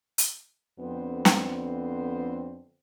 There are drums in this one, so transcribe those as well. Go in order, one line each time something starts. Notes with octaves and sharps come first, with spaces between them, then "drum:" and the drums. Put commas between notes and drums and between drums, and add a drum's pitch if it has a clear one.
drum: hi-hat
F2 D3 B3 C4 C5
drum: snare